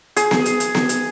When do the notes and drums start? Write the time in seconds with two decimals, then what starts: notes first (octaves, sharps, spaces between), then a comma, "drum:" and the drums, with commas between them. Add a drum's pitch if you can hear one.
0.16 G#4, drum: hi-hat
0.31 drum: snare B3
0.46 drum: hi-hat
0.60 drum: hi-hat
0.75 drum: snare B3
0.89 drum: hi-hat